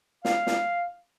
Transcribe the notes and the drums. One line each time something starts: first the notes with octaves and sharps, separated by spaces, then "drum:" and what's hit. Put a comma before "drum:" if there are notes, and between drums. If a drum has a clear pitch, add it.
F5, drum: snare
drum: snare